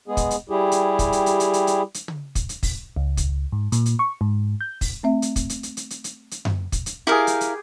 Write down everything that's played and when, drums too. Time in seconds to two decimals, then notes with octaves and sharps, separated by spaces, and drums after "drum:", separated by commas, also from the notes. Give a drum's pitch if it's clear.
0.08 G#3 B3 G#4
0.17 drum: kick, hi-hat
0.31 drum: hi-hat
0.49 G3 E4 G4 G#4
0.72 drum: hi-hat
0.99 drum: kick, hi-hat
1.13 drum: hi-hat
1.26 drum: hi-hat
1.40 drum: hi-hat
1.53 drum: hi-hat
1.67 drum: hi-hat
1.94 drum: hi-hat
2.08 drum: tom
2.35 drum: kick, hi-hat
2.49 drum: hi-hat
2.63 drum: kick, open hi-hat
2.96 C#2
3.17 drum: kick, hi-hat
3.52 G#2
3.72 A#2, drum: hi-hat
3.86 drum: hi-hat
3.99 C#6
4.21 G#2
4.61 G6
4.81 drum: kick, open hi-hat
5.03 A3 C4 E5
5.22 drum: hi-hat
5.36 drum: kick, hi-hat
5.49 drum: hi-hat
5.63 drum: hi-hat
5.77 drum: hi-hat
5.90 drum: hi-hat
6.04 drum: hi-hat
6.31 drum: hi-hat
6.45 drum: tom F#2
6.72 drum: kick, hi-hat
6.86 drum: hi-hat
7.07 E4 G4 G#4 A#4 F5
7.27 drum: hi-hat
7.41 drum: hi-hat